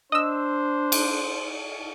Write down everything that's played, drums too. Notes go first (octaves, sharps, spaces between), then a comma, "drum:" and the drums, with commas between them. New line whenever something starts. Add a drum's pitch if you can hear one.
D4 C5 D#5 E6
drum: cymbal